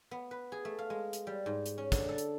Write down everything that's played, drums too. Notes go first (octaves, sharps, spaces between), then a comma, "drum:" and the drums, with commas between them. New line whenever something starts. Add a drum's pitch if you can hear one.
B3
B4
G#4
A3
F5
G#3
drum: hi-hat
G3
G#2
drum: hi-hat
C#4
D3, drum: kick, hi-hat
A4
drum: hi-hat